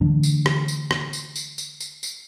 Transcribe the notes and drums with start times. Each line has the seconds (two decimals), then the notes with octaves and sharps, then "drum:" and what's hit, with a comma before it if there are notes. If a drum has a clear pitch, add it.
0.01 D3 E3 A3 D4
0.23 drum: tambourine
0.46 drum: rim click
0.68 drum: tambourine
0.91 drum: rim click
1.13 drum: tambourine
1.36 drum: tambourine
1.58 drum: tambourine
1.80 drum: tambourine
2.03 drum: tambourine